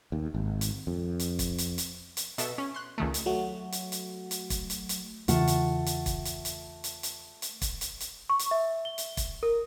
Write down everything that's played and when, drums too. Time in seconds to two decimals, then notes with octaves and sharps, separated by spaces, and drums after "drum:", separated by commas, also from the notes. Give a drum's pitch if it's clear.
0.12 D#2
0.34 G#1
0.61 drum: hi-hat
0.87 F2
1.19 drum: hi-hat
1.39 drum: kick, hi-hat
1.58 drum: hi-hat
1.78 drum: hi-hat
2.17 drum: hi-hat
2.38 B2 A4 E5, drum: hi-hat
2.58 C#4
2.74 C6 F#6
2.98 C#2 D#3 A3
3.14 drum: hi-hat
3.26 F#3 A3 F#4
3.72 drum: hi-hat
3.92 drum: hi-hat
4.31 drum: hi-hat
4.50 drum: kick, hi-hat
4.70 drum: hi-hat
4.89 drum: hi-hat
5.28 E2 C#3 E3 A3 F4 F#5, drum: hi-hat
5.48 drum: hi-hat
5.86 drum: hi-hat
6.06 drum: kick, hi-hat
6.25 drum: hi-hat
6.45 drum: hi-hat
6.84 drum: hi-hat
7.03 drum: hi-hat
7.42 drum: hi-hat
7.62 drum: kick, hi-hat
7.81 drum: hi-hat
8.00 drum: hi-hat
8.30 C#6
8.39 drum: hi-hat
8.51 E5
8.85 G7
8.98 drum: hi-hat
9.17 drum: kick, hi-hat
9.43 A#4